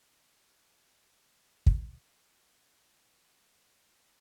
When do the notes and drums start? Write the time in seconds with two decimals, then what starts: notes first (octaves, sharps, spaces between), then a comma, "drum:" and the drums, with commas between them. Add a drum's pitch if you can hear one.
0.20 A#4 D#5 F5
1.66 drum: kick
2.60 A4
2.81 G#3
3.01 E4
3.51 F#4
3.64 C4